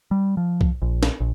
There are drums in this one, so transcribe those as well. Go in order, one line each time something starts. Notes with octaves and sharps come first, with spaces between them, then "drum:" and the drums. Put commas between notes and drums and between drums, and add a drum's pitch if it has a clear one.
G3
F3
drum: kick
A#1
drum: snare
A#1